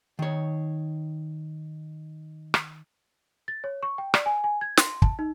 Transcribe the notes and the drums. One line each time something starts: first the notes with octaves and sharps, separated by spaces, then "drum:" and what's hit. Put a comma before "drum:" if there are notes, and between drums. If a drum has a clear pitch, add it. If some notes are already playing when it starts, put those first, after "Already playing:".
D#3 C#5
drum: rim click
A6
C#5
C#6
G5
D5, drum: rim click
G#5
G#5
G#6
C6, drum: snare
A5, drum: kick
D#4